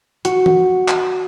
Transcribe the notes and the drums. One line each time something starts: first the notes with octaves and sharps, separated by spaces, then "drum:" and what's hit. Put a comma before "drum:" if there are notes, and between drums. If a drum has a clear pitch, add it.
F#4, drum: hi-hat
drum: tom
drum: clap